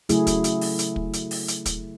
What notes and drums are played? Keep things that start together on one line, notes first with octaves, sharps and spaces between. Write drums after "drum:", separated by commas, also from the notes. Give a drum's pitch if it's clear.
C#3 F#3 A3 E4 G#4, drum: hi-hat
drum: kick, hi-hat
drum: hi-hat
drum: open hi-hat
drum: hi-hat
drum: kick
drum: hi-hat
drum: open hi-hat
drum: hi-hat
drum: kick, hi-hat